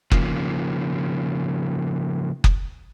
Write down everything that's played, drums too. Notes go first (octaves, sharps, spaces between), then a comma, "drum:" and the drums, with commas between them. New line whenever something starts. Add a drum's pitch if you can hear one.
C#3 F3 A#3, drum: kick F#1
drum: kick F#1